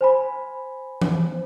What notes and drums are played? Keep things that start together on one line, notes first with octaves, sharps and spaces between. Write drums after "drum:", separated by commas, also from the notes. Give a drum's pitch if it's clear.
C5 G#5 B5
drum: tom E3